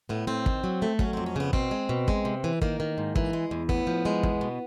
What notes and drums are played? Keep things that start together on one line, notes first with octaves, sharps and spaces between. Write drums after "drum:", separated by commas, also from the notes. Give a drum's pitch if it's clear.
A2 B3
A2 C4
D#3, drum: kick
F#3
A3
F#3 C#4, drum: kick
F2 C4
C#4
C#3 B3
B2 C4, drum: kick
G#3
B2
G#3, drum: kick
C3
E3
D#3 A#3, drum: kick
D#3
G#2
E3, drum: kick
G#3
E2
A2 B3, drum: kick
F3
G#3
E2, drum: kick
B2